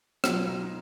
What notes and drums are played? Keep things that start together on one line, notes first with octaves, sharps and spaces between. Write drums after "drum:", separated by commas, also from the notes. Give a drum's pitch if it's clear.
B2 F#3 F4, drum: rim click
D#4
D#4